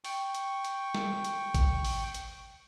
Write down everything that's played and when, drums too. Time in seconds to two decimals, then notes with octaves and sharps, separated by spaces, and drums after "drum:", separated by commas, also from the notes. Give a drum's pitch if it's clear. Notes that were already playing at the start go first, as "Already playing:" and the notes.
0.05 G5 C#6, drum: open hi-hat
0.35 drum: hi-hat
0.65 drum: hi-hat
0.95 drum: snare
1.25 drum: hi-hat
1.54 drum: kick G#1, hi-hat
1.84 drum: open hi-hat
2.14 drum: hi-hat